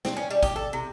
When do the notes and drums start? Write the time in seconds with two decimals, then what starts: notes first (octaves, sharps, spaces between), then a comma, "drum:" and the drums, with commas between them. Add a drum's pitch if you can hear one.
0.05 C4, drum: snare
0.17 C#4
0.31 G3
0.43 G4, drum: kick A1, hi-hat
0.56 A4
0.73 C3